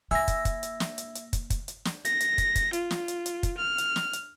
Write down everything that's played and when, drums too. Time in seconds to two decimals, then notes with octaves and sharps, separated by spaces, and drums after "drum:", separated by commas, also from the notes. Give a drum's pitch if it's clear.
0.11 A#3 E4 G#5 E6 A#6
0.28 drum: kick, hi-hat
0.45 drum: kick, hi-hat
0.63 drum: hi-hat
0.80 drum: snare
0.98 drum: hi-hat
1.15 drum: hi-hat
1.33 drum: kick, hi-hat
1.50 drum: kick, hi-hat
1.68 drum: hi-hat
1.85 drum: snare
2.05 A#6, drum: hi-hat
2.20 drum: hi-hat
2.38 drum: kick, hi-hat
2.55 drum: kick, hi-hat
2.73 F4, drum: hi-hat
2.91 drum: snare
3.08 drum: hi-hat
3.26 drum: hi-hat
3.43 drum: kick, hi-hat
3.58 F6
3.78 drum: hi-hat
3.96 drum: snare
4.13 drum: hi-hat